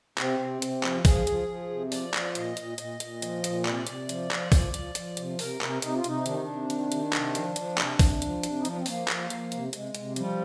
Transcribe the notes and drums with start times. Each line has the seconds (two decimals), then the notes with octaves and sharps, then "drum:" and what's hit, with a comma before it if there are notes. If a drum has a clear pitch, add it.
0.18 C3 C4, drum: clap
0.39 C3
0.62 C3, drum: hi-hat
0.83 F3, drum: clap
1.05 F3 G#4, drum: kick, open hi-hat
1.27 F3, drum: hi-hat
1.48 F3
1.70 C3
1.92 F3 D5, drum: open hi-hat
2.14 F3, drum: clap
2.35 A#2 D#5, drum: hi-hat
2.57 A#2, drum: hi-hat
2.78 A#2 D#5, drum: hi-hat
3.00 A#2, drum: hi-hat
3.22 F3, drum: hi-hat
3.44 A#2, drum: hi-hat
3.65 C3 D5, drum: clap
3.87 C3, drum: hi-hat
4.09 F3, drum: hi-hat
4.31 F3, drum: clap
4.52 F3, drum: kick, open hi-hat
4.74 F3, drum: hi-hat
4.95 F3, drum: hi-hat
5.17 C3, drum: hi-hat
5.39 C3 A#4, drum: open hi-hat
5.61 C3, drum: clap
5.82 C3 D#4, drum: hi-hat
5.95 F4
6.04 C3 D#4, drum: hi-hat
6.26 D#3 D4, drum: hi-hat
6.34 D#4
6.43 C3 D4
6.70 D#3, drum: hi-hat
6.92 D#3, drum: hi-hat
7.13 C3, drum: clap
7.35 F3, drum: hi-hat
7.56 F3, drum: hi-hat
7.78 C3, drum: clap
7.99 C3, drum: kick, open hi-hat
8.22 F3, drum: hi-hat
8.43 C3, drum: hi-hat
8.59 D#4
8.65 F3 D4, drum: hi-hat
8.77 C4
8.86 F3 A#3, drum: open hi-hat
9.08 F3, drum: clap
9.30 F3, drum: hi-hat
9.52 C3, drum: hi-hat
9.73 C3 G#3, drum: hi-hat
9.95 C3, drum: hi-hat
10.16 F3 G3, drum: hi-hat